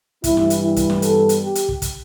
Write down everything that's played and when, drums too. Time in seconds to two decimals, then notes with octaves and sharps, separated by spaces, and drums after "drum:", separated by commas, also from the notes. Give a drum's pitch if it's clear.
0.24 G2 E3 G3 B3 E4, drum: kick, hi-hat
0.37 drum: snare
0.50 drum: hi-hat
0.63 E4
0.76 drum: kick, hi-hat
0.90 drum: snare
1.02 A4, drum: hi-hat
1.29 drum: hi-hat
1.42 G4
1.55 drum: hi-hat
1.69 drum: kick
1.82 drum: kick, hi-hat